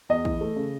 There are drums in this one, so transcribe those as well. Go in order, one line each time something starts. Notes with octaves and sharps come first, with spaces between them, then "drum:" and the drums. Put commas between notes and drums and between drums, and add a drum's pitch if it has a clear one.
E2 D#5
E3, drum: kick
A3
C#3